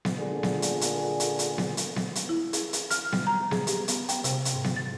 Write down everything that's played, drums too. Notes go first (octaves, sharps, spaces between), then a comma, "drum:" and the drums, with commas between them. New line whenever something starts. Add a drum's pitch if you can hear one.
drum: snare B3
A#2 D3 G#4
drum: snare B3
drum: hi-hat
drum: hi-hat
drum: hi-hat
drum: hi-hat
drum: snare B3
drum: hi-hat
drum: snare B3
drum: hi-hat
E4
G#4, drum: hi-hat
drum: hi-hat
F6, drum: hi-hat
G3, drum: snare B3
A#5
G#4, drum: snare B3
G4, drum: hi-hat
B3, drum: hi-hat
G5, drum: hi-hat
C3, drum: hi-hat
drum: hi-hat
G#2
drum: snare B3
A6